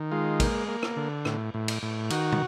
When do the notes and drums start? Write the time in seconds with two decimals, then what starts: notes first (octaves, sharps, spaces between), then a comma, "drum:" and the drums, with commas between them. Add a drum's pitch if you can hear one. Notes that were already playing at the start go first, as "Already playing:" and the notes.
Already playing: D#3
0.12 G#3 F4
0.40 A#3, drum: kick, cymbal
0.68 A#3
0.83 drum: rim click
0.96 D3
1.25 A2, drum: rim click
1.54 A2
1.68 drum: cymbal
1.83 A2
2.10 D#3 F#4, drum: cymbal
2.32 drum: tom